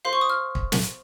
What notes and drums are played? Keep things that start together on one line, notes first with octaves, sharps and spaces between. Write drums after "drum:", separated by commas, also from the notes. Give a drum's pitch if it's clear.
A4 C5 F5 C6
C#6
D#6
F6
drum: kick
drum: snare